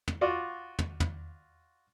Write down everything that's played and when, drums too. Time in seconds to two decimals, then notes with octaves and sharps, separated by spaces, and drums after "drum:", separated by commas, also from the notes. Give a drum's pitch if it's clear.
0.08 drum: tom
0.21 F4 F#4 D5
0.79 drum: tom
1.00 drum: tom